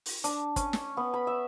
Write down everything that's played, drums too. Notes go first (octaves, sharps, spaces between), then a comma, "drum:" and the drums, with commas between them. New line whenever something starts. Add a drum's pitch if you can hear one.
drum: open hi-hat
D4, drum: hi-hat
C#4, drum: kick, hi-hat
drum: snare
B3
B5
E5